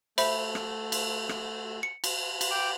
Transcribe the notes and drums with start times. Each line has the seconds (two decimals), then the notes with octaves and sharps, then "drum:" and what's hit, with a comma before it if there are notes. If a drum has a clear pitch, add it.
0.18 A3 C5 E5 B5, drum: cymbal
0.55 drum: rim click
0.92 drum: cymbal
1.29 drum: rim click
1.83 C#7
2.04 drum: cymbal
2.41 drum: cymbal
2.51 G5 D6